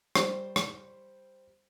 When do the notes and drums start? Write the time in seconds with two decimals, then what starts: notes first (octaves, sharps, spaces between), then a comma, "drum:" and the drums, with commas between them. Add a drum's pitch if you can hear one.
0.15 G3 C5, drum: rim click
0.56 drum: rim click